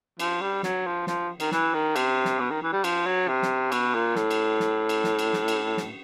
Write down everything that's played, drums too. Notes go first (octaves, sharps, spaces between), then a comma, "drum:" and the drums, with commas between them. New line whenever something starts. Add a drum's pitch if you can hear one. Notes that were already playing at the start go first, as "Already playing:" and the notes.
F3, drum: cymbal
G3
F#3, drum: snare
F3
F3, drum: snare
D#3, drum: cymbal
E3, drum: snare
D#3
C3, drum: cymbal
drum: snare
B2
D#3
E3
G3
F3, drum: cymbal
F#3
C3
drum: snare
B2, drum: cymbal
A#2
A2, drum: snare
drum: cymbal
drum: snare
drum: cymbal
drum: snare
drum: cymbal
drum: snare
drum: cymbal
drum: snare